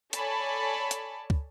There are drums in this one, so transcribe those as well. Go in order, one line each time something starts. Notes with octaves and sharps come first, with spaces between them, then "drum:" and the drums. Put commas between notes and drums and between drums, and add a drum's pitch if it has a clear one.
A4 C#5 D5 G#5 A5 B5, drum: hi-hat
drum: hi-hat
drum: kick